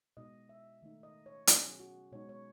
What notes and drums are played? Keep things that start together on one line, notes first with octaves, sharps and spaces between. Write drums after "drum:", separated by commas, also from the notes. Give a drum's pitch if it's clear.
B2 G#3 D#4 D#5
E5
D#3 A3 D#4
D#5
C#5
B2 F#3 C#4 G#4, drum: hi-hat
F#4
B2 G#3 D#4 C#5
C#5